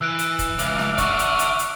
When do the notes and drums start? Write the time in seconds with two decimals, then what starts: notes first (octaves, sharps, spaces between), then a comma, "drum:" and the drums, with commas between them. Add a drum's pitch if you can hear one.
0.01 E3 E6 F#6 D7
0.19 drum: hi-hat
0.39 drum: kick, hi-hat
0.59 C#2 E5 D6 F6, drum: hi-hat
0.79 drum: snare
0.98 D5 F#5 C#6, drum: kick, hi-hat
1.19 drum: hi-hat
1.39 drum: hi-hat
1.59 drum: hi-hat